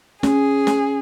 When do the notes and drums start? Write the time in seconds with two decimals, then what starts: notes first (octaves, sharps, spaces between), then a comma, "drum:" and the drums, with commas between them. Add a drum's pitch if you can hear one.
0.23 C#4 G#4, drum: snare
0.67 drum: snare